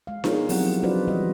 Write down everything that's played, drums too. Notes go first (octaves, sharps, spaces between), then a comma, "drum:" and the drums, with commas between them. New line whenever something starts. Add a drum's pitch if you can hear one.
G#3 F5
B3 D#4 F4 G#4 A#4 C#5, drum: snare D4
F3 F#3 C4 E4 G4 F#5, drum: open hi-hat
C#4 F4 F#4 B4 C5 D5
E3 G3 F#4 D#5